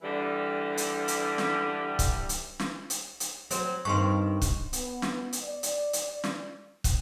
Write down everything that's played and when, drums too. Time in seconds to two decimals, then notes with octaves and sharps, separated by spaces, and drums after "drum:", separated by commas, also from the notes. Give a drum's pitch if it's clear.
0.02 D3 E3 G3
0.77 drum: hi-hat
1.08 drum: hi-hat
1.38 drum: snare
1.99 drum: kick, hi-hat
2.29 drum: hi-hat
2.59 drum: snare
2.90 drum: hi-hat
3.20 drum: hi-hat
3.51 F#3 C4, drum: hi-hat
3.85 G2 D#3 C4 C6 C#6
4.42 drum: kick, hi-hat
4.73 B3, drum: hi-hat
5.02 drum: snare
5.33 drum: hi-hat
5.42 D5
5.63 drum: hi-hat
5.93 drum: hi-hat
6.24 drum: snare
6.84 drum: kick, hi-hat